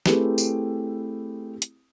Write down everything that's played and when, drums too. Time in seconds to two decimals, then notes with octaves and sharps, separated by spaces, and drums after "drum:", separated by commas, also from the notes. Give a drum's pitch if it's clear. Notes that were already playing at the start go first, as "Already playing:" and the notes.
0.06 A3 C4 E4 G4 G#4 B4, drum: snare
0.38 drum: tambourine
1.62 drum: hi-hat